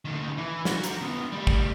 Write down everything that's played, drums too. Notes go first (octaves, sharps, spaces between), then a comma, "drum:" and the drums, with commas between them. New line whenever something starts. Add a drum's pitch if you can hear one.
D2 D#3
E3
F#4, drum: snare
D3 A#5, drum: hi-hat
D#3 B3
G3 A3
drum: kick